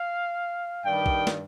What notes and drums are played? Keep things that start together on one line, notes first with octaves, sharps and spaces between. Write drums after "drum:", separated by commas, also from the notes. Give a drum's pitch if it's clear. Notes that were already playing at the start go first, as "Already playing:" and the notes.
Already playing: F5
G2 D#3 G3 G5
drum: kick
drum: snare